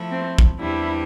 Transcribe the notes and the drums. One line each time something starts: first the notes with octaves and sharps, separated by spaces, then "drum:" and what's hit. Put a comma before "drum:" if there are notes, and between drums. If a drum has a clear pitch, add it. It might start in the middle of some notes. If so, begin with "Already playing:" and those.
Already playing: F3 A3 E4
C4
drum: kick
E2 C3 G3 D4 E4